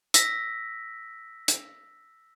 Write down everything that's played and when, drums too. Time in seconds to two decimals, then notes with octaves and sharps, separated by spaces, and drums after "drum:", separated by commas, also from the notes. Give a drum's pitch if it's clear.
0.14 E6 A#6 B6, drum: hi-hat
1.48 drum: hi-hat